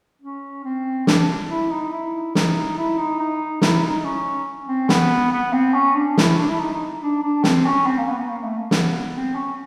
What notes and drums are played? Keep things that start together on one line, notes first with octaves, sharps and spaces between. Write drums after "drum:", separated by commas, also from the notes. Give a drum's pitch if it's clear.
C#4
C4
D4, drum: snare
E4
D#4
E4
D#4, drum: snare
E4
D#4
D#4
E4, drum: snare
D#4
C#4
C4
B3, drum: snare
B3
C4
C#4
D4
E4, drum: snare
D4
E4
D#4
D#4
D4
D4
C4, drum: snare
C#4
C4
A#3
B3
B3
A#3
A3
A#3
B3, drum: snare
C4
C#4